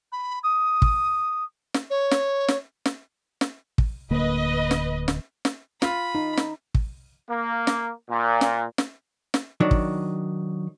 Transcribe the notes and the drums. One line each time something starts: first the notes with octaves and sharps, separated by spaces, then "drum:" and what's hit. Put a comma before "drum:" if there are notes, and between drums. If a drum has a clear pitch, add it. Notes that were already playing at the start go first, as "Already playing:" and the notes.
B5
D#6
drum: kick
drum: snare
C#5
drum: snare
drum: snare
drum: snare
drum: snare
drum: kick
D1 D3 A#3 B4 D#5
drum: snare
drum: snare
drum: snare
F4 B5, drum: snare
D#4
drum: snare
drum: kick
A#3
drum: snare
A#2
drum: snare
drum: snare
drum: snare
D#3 F#3 D4
drum: kick